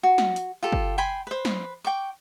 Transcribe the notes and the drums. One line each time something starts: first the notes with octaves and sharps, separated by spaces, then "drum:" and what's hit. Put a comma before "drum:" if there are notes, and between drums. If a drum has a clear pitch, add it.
F#4
drum: snare
drum: hi-hat
F4 G4 A4
drum: kick G1
G5 G#5 B5 C6
B4 C5
drum: snare
G5 C#6 D6